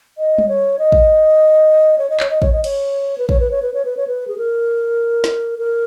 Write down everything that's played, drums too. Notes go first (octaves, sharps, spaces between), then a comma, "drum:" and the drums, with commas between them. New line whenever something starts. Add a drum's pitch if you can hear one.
D#5
drum: tom G3
C#5
D#5
drum: kick
C#5
D#5
C#5, drum: clap
D#5
C#5, drum: kick
D#5
C#5, drum: cymbal
B4
C#5, drum: kick
B4
C#5
B4
C#5
B4
C#5
B4
G#4
A#4
drum: snare
A#4